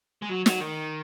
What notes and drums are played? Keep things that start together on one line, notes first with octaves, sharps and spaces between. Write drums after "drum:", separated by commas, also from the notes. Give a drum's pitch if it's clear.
G#3
F#3
F#3, drum: snare
D#3